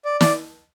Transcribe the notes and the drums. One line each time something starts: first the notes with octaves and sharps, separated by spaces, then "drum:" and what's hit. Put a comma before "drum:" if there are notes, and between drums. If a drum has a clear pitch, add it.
D5
D5, drum: snare